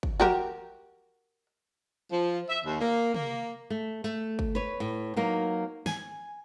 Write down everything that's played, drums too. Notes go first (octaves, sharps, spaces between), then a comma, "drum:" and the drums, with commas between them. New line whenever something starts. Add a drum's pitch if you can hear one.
drum: kick G1
F#4 G4 A#4, drum: tom
F3
E5
D#2
A#3
A#3, drum: tom
A3
A3
drum: kick G1
B4 C#5
A2
F#3 A#3 D#4
G#5, drum: snare